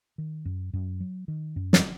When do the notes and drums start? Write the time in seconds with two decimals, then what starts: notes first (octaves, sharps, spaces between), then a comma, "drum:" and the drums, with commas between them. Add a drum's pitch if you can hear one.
0.18 D#3
0.45 F#2
0.73 F#2
1.00 F#3
1.28 D#3
1.56 F#2
1.73 drum: snare